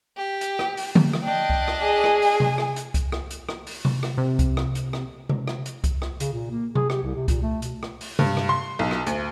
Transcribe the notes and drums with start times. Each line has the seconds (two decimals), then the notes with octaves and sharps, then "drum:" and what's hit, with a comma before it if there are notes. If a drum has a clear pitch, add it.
0.17 G4
0.41 drum: hi-hat
0.59 drum: rim click
0.77 drum: open hi-hat
0.95 drum: tom D3
1.13 drum: rim click
1.24 D4 D#5 G5
1.50 drum: kick C2
1.68 drum: rim click
1.82 G#4
2.04 drum: rim click
2.22 drum: open hi-hat
2.40 drum: tom C3
2.58 drum: rim click
2.76 drum: hi-hat
2.94 drum: kick C2, hi-hat
3.12 drum: rim click
3.31 drum: hi-hat
3.49 drum: rim click
3.67 drum: open hi-hat
3.85 drum: tom C3
4.03 drum: rim click
4.18 C3
4.39 drum: kick C2, hi-hat
4.57 drum: rim click
4.75 drum: hi-hat
4.93 drum: rim click
5.29 drum: tom C3
5.48 drum: rim click
5.66 drum: hi-hat
5.84 drum: kick C2, hi-hat
6.02 drum: rim click
6.20 C#3, drum: hi-hat
6.33 A#2
6.51 A#3
6.75 G#4, drum: tom C3
6.90 G4, drum: rim click
7.03 C2
7.15 C3
7.28 A#2, drum: kick C2, hi-hat
7.42 A3
7.62 B2, drum: hi-hat
7.83 drum: rim click
8.01 drum: open hi-hat
8.19 G2, drum: tom C3
8.37 drum: rim click
8.49 C6
8.79 B1
8.91 drum: rim click
9.07 D2, drum: hi-hat